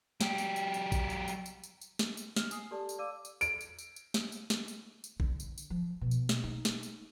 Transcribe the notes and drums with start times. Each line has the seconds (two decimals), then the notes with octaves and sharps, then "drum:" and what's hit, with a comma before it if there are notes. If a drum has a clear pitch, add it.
0.21 F#3 G4, drum: snare
0.38 drum: tambourine
0.56 drum: tambourine
0.74 drum: tambourine
0.92 drum: kick A#1, tambourine
1.10 drum: tambourine
1.28 drum: tambourine
1.46 drum: tambourine
1.64 drum: tambourine
1.81 drum: tambourine
1.99 drum: snare
2.17 drum: tambourine
2.36 F6, drum: snare
2.51 G#5 D#6 C7, drum: tambourine
2.71 G4 A4 D5 A5
2.89 drum: tambourine
2.99 D5 F5 D6 E6 D#7
3.25 drum: tambourine
3.41 D7, drum: tambourine
3.61 drum: tambourine
3.78 drum: tambourine
3.96 drum: tambourine
4.14 drum: snare
4.32 drum: tambourine
4.50 drum: snare
4.68 drum: tambourine
5.04 drum: tambourine
5.20 D3, drum: kick A#1
5.40 drum: tambourine
5.58 drum: tambourine
5.70 F3
6.01 B2
6.11 drum: tambourine
6.29 drum: snare
6.44 D#4
6.65 drum: snare
6.83 drum: tambourine